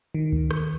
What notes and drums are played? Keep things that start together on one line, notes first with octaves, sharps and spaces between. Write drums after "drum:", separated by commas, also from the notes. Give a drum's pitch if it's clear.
D#3
drum: kick
drum: rim click